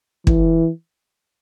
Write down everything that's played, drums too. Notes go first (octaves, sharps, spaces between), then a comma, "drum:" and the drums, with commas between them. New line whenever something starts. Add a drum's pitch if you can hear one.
E3, drum: kick